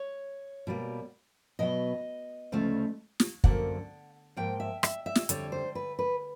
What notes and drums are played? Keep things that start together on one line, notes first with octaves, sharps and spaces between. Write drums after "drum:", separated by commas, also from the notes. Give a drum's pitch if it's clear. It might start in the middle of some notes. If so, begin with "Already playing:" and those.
Already playing: C#5
B2 G3 A#3
B2 F#3 B3 D#5
D2 C#3 F3 A3
drum: snare
F#2 D3 F3 A#3 F#5, drum: kick
G#2 F3 A#3 G5
E5
E5, drum: rim click
E5
drum: snare
F2 D3 G3 C#5, drum: hi-hat
C5
B4
B4